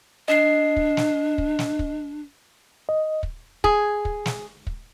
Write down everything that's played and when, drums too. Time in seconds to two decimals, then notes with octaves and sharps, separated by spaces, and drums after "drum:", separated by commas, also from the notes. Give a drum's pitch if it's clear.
0.28 D4 D#5 C7
0.77 drum: kick
0.97 drum: snare
1.38 drum: kick
1.59 drum: snare
1.79 drum: kick
2.89 D#5
3.23 drum: kick
3.64 G#4, drum: kick
4.05 drum: kick
4.26 drum: snare
4.67 drum: kick